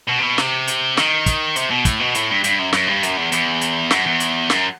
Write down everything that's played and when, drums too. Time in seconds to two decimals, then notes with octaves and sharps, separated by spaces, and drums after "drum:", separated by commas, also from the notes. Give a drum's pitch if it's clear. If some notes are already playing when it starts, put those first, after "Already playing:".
0.09 B2
0.19 C3
0.23 B2
0.38 C3, drum: snare
0.68 drum: hi-hat
0.97 D#3, drum: snare
1.26 drum: kick, hi-hat
1.56 C3, drum: hi-hat
1.70 B2
1.85 A2, drum: kick, hi-hat
2.00 B2
2.15 A2, drum: hi-hat
2.30 G2
2.44 G2, drum: hi-hat
2.59 F#2
2.73 F#2, drum: snare
2.88 G2
3.03 F#2, drum: hi-hat
3.18 E2
3.32 E2, drum: hi-hat
3.61 drum: hi-hat
3.91 F#2, drum: snare
4.06 E2
4.20 drum: hi-hat
4.50 F#2, drum: snare